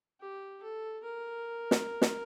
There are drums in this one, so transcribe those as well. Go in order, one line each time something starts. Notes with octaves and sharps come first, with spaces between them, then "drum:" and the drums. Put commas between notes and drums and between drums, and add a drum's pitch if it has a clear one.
G4
A4
A#4
drum: snare
drum: snare